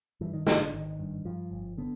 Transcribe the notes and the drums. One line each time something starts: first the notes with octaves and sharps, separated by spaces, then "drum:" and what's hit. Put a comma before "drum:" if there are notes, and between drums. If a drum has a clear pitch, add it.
G2 E3
D#3
G#1 D#3, drum: snare
D3
G#1 D#3
G2
G2 F3
G1
D3 B3